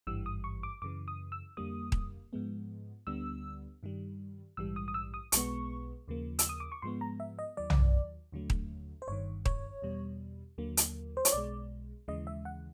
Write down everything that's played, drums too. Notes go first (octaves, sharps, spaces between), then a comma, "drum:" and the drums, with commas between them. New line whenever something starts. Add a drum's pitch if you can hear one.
G#1 G2 E3 G3 E6
D#6
C#6
D6
F#2 C#3 E3 D6
D#6
E6
F2 D3 G3 A#3 D#6
drum: kick D#1
G#2 F3 G#3 B3
D2 D3 G3 B3 E6
G2 D#3 G3
A#1 G#2 E3 G3 E6
D#6
D#6
E6
D#6
B1 B2 G#3 B3 C#6, drum: hi-hat
D#2 C#3 F3 A#3
E6, drum: hi-hat
D#6
D6
C#6
G#2 F3 G#3 B3 C6
A#5
E5
D#5
D#2 D#3 F#3 D5
drum: tom
D#2 D3 F#3 A3
drum: kick D#1
C5
G1 G2 D#3 C#5
C#5, drum: kick D#1
E2 B2 G3
D#2 D3 F#3 A#3
drum: hi-hat
C5
C#5, drum: hi-hat
B1 B2 G#3 D5
D#2 C#3 E3 G#3 D#5
E5
F#5